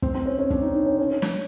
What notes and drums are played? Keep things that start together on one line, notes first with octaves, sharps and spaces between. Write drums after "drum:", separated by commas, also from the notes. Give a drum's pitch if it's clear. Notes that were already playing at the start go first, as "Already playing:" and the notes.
C4, drum: kick
C4
C#4
C#4
D4, drum: kick
D#4
D#4
C#4
C#4
C#4
D4, drum: snare